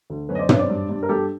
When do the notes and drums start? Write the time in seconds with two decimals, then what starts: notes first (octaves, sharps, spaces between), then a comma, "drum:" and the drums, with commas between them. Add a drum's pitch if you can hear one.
0.10 D2
0.29 F#2 B4 C#5
0.35 D#5
0.39 C5 D5
0.49 F#2 B4 C#5, drum: tom
0.59 C5 D5
0.69 G2
0.89 G2
1.03 A#4
1.09 G2 G4 A4